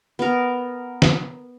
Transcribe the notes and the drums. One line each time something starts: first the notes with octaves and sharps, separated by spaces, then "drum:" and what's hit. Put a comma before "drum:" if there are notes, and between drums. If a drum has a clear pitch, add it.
B3 A#4
drum: snare